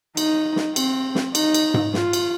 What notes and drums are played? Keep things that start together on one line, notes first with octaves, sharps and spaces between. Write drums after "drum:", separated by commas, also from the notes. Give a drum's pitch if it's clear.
D#4, drum: cymbal
drum: snare
C4, drum: cymbal
drum: snare
D#4, drum: cymbal
drum: cymbal
drum: tom G#2
F4, drum: snare
drum: cymbal